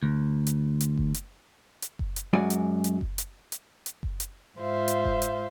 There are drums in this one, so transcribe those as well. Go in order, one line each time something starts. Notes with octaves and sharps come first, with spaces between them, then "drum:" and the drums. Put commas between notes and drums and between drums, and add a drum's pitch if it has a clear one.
D2
drum: hi-hat
drum: hi-hat
drum: kick F#1
drum: hi-hat
drum: hi-hat
drum: kick F#1
drum: hi-hat
F#2 G#3 F#4 D5 G#5
drum: hi-hat
drum: hi-hat
drum: kick F#1
drum: hi-hat
drum: hi-hat
drum: hi-hat
drum: kick F#1
drum: hi-hat
G#2 F4 C5 E5 F5
drum: hi-hat
drum: kick F#1
drum: hi-hat